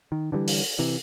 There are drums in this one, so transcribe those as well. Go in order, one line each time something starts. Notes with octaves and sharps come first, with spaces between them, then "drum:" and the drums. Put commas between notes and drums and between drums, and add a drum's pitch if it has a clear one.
D#3
D3 E3 F3 G3
drum: open hi-hat
C3 E3